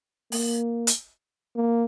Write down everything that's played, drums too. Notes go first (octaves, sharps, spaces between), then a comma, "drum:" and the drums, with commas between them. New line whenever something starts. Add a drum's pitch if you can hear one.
A#3, drum: open hi-hat
drum: hi-hat
A#3